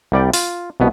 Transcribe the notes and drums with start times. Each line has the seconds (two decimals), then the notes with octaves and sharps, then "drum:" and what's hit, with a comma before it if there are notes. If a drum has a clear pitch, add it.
0.12 C2 G3 D5 G5
0.34 F4, drum: open hi-hat
0.80 C2 B2 B3